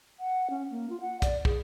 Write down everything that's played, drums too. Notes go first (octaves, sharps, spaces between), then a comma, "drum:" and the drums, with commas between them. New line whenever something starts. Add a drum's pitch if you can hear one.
F#5
C#4
A#3
F4
F#5
D5, drum: kick, hi-hat
G#4, drum: kick